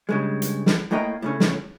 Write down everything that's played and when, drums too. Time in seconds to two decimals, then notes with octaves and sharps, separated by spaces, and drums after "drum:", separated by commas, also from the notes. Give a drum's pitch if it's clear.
0.09 G2 C#3 G#3
0.42 drum: hi-hat
0.66 drum: snare
0.91 A2 A3 A#3 D#5 G5 A#5
1.22 A2 C#3 C#4
1.40 drum: snare